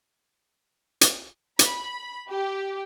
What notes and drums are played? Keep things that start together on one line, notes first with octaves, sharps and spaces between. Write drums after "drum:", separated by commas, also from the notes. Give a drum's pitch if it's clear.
drum: hi-hat
B5, drum: hi-hat
G4